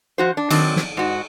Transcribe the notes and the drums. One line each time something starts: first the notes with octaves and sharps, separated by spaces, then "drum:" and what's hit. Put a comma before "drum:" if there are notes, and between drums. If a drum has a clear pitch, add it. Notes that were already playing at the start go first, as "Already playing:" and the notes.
F3 F#4 C5
D4
D#3 F#3 C4 D4, drum: cymbal
drum: snare
G#2 F#4